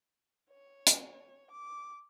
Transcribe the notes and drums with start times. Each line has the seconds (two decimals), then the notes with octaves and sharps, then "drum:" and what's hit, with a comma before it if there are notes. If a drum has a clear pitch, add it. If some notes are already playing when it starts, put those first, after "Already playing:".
0.50 C#5
0.87 drum: hi-hat
1.51 D6